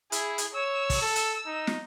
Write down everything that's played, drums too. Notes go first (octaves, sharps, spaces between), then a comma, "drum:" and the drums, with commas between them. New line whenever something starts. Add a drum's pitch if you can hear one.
E4 G#4, drum: hi-hat
drum: hi-hat
C#5 E6
drum: kick, open hi-hat
A4
drum: hi-hat
D#4
drum: snare